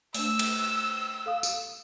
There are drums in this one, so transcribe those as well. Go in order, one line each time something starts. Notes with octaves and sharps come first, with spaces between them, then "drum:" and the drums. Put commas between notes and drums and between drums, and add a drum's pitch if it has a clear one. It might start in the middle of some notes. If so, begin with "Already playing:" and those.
A3 D4 E6, drum: open hi-hat
drum: cymbal
A4 F5 D#6
drum: tambourine